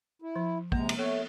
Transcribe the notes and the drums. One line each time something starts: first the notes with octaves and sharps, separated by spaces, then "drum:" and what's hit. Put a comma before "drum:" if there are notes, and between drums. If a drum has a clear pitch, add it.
E4
F3
C3 G#3 A#3 A#5, drum: kick
drum: cymbal
A3 B3 A4 C#5